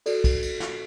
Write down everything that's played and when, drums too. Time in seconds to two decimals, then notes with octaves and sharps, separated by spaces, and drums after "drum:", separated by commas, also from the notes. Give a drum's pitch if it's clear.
0.06 F#4 A4 D5, drum: cymbal
0.24 drum: kick, cymbal
0.42 drum: cymbal
0.60 drum: snare